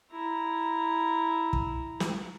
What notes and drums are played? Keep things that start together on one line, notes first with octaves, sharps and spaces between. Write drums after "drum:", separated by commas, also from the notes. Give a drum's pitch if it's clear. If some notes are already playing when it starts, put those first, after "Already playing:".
E4 A#5
drum: kick
drum: snare